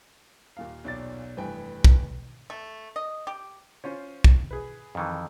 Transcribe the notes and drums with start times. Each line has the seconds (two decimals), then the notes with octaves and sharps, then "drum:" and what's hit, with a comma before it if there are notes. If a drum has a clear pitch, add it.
0.57 D#2 A#2 F5
0.85 B1 D5 A6
1.37 F1 G2 E3 B4 G5 G#5
1.84 drum: kick
2.50 A3
2.96 D#5
3.27 G4
3.84 C#4 F4 C5
4.24 drum: kick
4.51 G#4 B4
4.95 F2 D#3 E3